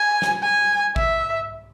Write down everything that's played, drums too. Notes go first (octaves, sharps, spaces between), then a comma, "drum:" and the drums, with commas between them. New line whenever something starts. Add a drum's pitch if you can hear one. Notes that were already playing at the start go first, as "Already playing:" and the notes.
Already playing: G#5
drum: snare
G#5
E5, drum: kick A1